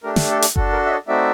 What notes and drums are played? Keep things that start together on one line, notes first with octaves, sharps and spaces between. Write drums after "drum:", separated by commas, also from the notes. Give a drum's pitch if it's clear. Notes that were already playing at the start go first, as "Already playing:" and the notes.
A3 D4 G4 A#4
drum: snare
A4
drum: hi-hat
D4 F#4 A4, drum: kick F#1
A#4
E5
C#5 D#5
A3 C4 D#4 F#4 D5 E5